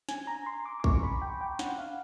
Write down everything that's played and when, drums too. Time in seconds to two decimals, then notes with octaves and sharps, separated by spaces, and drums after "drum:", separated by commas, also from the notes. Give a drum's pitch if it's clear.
0.09 G#5, drum: snare
0.27 A#5
0.46 C6
0.66 D6
0.80 D6
0.84 C#6, drum: kick A#1
1.03 B5
1.22 G5
1.41 G5
1.59 F#5, drum: snare
1.79 F5